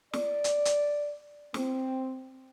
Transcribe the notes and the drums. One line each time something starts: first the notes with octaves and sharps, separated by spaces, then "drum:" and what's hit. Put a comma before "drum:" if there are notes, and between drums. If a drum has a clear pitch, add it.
D5, drum: snare
drum: hi-hat
drum: hi-hat
C4, drum: snare